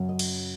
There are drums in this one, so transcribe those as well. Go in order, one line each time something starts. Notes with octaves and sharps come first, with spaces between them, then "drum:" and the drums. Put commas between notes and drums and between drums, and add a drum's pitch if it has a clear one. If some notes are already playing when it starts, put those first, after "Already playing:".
Already playing: F#2 C#3 F#3
D#5
drum: cymbal